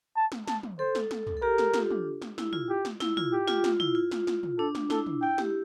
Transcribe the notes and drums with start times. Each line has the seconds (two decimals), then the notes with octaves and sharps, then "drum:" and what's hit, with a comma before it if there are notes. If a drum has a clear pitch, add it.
0.16 A5
0.32 drum: snare
0.47 A5, drum: snare
0.63 drum: tom
0.79 A4 C5
0.95 drum: snare
1.11 drum: snare
1.27 drum: tom
1.37 A4
1.42 G4 A#4
1.58 drum: snare
1.74 F4, drum: snare
1.91 D4, drum: tom
2.22 drum: snare
2.38 E4, drum: snare
2.53 F4, drum: tom
2.69 G4
2.85 drum: snare
3.00 E4, drum: snare
3.17 F4, drum: tom
3.33 G4
3.48 F4, drum: snare
3.64 drum: snare
3.80 E4, drum: tom
3.95 F4
4.11 drum: snare
4.27 drum: snare
4.43 drum: tom
4.59 D4 A4
4.75 drum: snare
4.90 E4 A4, drum: snare
5.06 drum: tom
5.22 E4 G5
5.38 G4, drum: snare